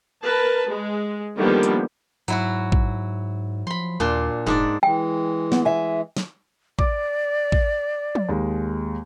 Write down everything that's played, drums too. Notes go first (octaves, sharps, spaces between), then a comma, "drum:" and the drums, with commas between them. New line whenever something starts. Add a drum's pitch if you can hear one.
A#4 B4 A5
G#3
D3 D#3 F3 G3 A#3 B3
drum: hi-hat
G#2 F#3 E4 F#4, drum: hi-hat
drum: kick
F3 B5 C6
D#2 A#2 D4 C6
E1 G#2 D4 D5
E3 G#3 G5
B3, drum: snare
E5 G#5
drum: snare
D5 D6, drum: kick
drum: kick
drum: tom F3
D#2 G#3